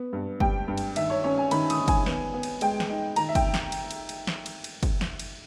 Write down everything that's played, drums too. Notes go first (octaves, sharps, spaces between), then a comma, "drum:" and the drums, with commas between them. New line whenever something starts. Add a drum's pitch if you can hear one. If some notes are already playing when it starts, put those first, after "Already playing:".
Already playing: B3
G2
G3 G5, drum: kick
G2
drum: cymbal
D#3 E5, drum: cymbal
C#5
C#4 C#5
G#5
D#3 B5, drum: cymbal
D#6, drum: cymbal
D#3
G#5, drum: kick, cymbal
B3, drum: snare
B3
drum: cymbal
G#3 G5, drum: cymbal
drum: snare
D#4
D#3 A#5, drum: cymbal
E5
G5, drum: kick, cymbal
drum: snare
drum: cymbal
drum: cymbal
drum: cymbal
drum: snare
drum: cymbal
drum: cymbal
drum: kick, cymbal
drum: snare
drum: cymbal